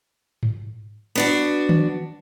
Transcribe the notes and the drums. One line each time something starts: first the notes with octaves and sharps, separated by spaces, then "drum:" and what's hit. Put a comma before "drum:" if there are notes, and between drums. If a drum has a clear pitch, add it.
drum: tom G#2
B3 D4 F#4
drum: tom D#3